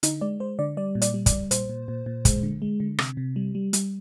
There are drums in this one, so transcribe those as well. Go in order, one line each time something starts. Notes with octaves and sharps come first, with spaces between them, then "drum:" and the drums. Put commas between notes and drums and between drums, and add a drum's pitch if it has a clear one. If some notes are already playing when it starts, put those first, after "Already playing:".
D3 D#4, drum: hi-hat
G#3 D5
G#3 C5
D3 D5
G3 D5
A#2
D5, drum: hi-hat
G3
D5, drum: kick, hi-hat
G3
A#2 C5, drum: hi-hat
A#2
A#2
A#2
G#3, drum: kick, hi-hat
D3
G#3
D3
C3, drum: rim click
C3
G3
G3
G3, drum: hi-hat